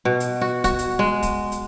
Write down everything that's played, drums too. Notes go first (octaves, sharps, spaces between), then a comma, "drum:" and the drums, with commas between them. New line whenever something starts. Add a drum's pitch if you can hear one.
B2
drum: hi-hat
F#4
F#4, drum: kick, hi-hat
drum: hi-hat
G#3
drum: kick, hi-hat
drum: hi-hat